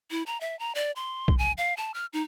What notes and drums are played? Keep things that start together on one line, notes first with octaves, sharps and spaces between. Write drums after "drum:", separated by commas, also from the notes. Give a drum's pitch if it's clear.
E4
A#5
E5
A#5
D5
C6
drum: kick B1
G#5
F5
A5
F6
D#4